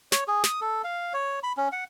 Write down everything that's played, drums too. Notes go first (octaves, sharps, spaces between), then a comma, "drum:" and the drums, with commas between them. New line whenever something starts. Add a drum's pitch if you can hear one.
C#5, drum: snare
G#4
D#6, drum: snare
A4
F5
C#5
B5
C#4
F#5